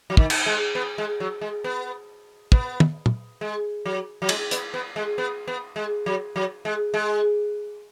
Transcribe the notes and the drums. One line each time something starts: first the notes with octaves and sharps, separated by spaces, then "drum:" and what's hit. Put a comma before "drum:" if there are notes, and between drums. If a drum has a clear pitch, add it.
F#3
D#3, drum: kick
drum: cymbal
G#3
B3
G#3
F#3
G#3
B3
B3, drum: kick
drum: tom
drum: tom
G#3
F#3
F#3
G#3, drum: cymbal
B3, drum: hi-hat
B3
G#3
B3
B3
G#3
F#3
F#3
G#3
G#3